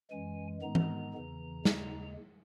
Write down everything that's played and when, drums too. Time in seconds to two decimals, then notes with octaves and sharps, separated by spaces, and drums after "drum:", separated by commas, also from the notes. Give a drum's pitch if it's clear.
0.11 F#2 E3 G#3 G#5
0.62 G#2 D#3 G#3 B3 A#5
0.75 drum: tom E3
1.14 E2 C#3 E3
1.65 D#2 C#3 G#3, drum: snare